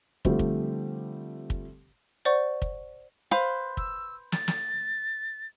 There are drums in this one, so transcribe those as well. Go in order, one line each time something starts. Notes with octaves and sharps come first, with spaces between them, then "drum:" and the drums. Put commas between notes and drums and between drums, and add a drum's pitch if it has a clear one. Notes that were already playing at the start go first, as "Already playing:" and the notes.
D3 F3 G3 A3 C4 G4, drum: kick
drum: kick
drum: kick
C5 D5 F#5 C#6
drum: kick
B4 C5 F5
E6, drum: kick
A6, drum: snare
drum: snare